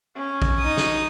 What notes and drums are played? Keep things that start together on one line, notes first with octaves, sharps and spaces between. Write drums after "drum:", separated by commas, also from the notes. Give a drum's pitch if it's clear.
C#4
drum: kick A#1
D#4 D#6
drum: snare